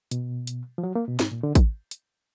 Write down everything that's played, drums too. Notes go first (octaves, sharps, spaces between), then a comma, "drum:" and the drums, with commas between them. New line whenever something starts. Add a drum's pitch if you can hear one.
B2, drum: hi-hat
drum: hi-hat
F3
F#3
A#3
B2
G#2, drum: snare
A#2
D3
drum: kick, hi-hat
drum: hi-hat